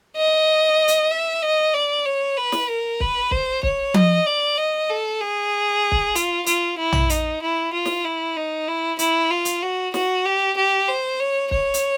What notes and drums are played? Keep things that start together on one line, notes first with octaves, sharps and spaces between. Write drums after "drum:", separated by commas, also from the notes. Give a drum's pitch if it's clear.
D#5
drum: hi-hat
E5
D#5
D5
C#5
B4
drum: snare
A#4
B4, drum: kick
C5, drum: kick
C#5, drum: kick
D#5, drum: tom F3
D5
D#5
A4
G#4
drum: kick
F4, drum: hi-hat
F4, drum: hi-hat
E4
drum: tom
D#4, drum: hi-hat
E4
F4
drum: snare
E4
D#4
E4
E4, drum: hi-hat
F4
drum: hi-hat
F#4
F#4, drum: snare
G4
G4
C5
C#5
C#5, drum: kick
drum: hi-hat